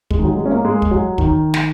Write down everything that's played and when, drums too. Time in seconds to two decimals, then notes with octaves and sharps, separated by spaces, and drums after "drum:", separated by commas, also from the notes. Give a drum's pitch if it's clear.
0.10 G#3, drum: kick
0.19 D#3
0.24 F#3
0.37 G#3
0.45 C#4
0.51 A#3
0.65 G#3
0.82 drum: kick
0.91 F#3
1.18 D#3, drum: kick
1.54 drum: snare